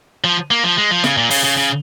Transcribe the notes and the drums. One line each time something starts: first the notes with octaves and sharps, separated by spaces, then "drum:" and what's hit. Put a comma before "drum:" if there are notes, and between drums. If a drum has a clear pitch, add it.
F3
A#3
F3
G#3
F3
C#3, drum: snare
A#2
C#3, drum: open hi-hat
C#3
C#3